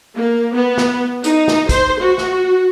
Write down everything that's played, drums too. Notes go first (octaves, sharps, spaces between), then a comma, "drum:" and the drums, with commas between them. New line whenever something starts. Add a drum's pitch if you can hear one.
A#3
B3
drum: snare
D#4, drum: hi-hat
drum: snare
C5, drum: kick, hi-hat
F#4
drum: snare